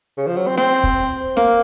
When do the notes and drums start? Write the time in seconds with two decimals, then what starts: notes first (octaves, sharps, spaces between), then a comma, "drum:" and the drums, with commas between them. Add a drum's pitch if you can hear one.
0.18 C#3
0.27 F3
0.37 F#3
0.47 C4
0.57 C4, drum: snare
0.84 drum: kick
1.37 A#3, drum: snare